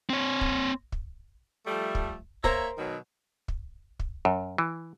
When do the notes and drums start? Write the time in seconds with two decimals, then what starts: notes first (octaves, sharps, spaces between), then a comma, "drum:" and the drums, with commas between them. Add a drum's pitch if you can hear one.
0.10 C4 C#5
0.41 drum: kick
0.92 drum: kick
1.67 F3 G3 A3
1.95 drum: kick
2.44 A#3 A#4 C5 C#5 E5 A#5, drum: kick
2.78 B2 D#3 F#3
3.48 drum: kick
3.99 drum: kick
4.25 F#2
4.58 E3